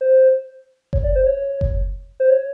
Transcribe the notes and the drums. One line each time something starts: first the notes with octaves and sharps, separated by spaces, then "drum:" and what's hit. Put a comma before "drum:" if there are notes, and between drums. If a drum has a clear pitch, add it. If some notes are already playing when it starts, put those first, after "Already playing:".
C5
C#5, drum: kick F#1
D5
C5
C#5
drum: kick F#1
C5
C#5